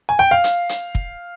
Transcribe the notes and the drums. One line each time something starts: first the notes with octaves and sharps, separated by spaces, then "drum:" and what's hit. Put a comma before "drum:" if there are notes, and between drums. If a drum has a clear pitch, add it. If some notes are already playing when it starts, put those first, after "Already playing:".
G#5
G5
F5
drum: hi-hat
drum: hi-hat
drum: kick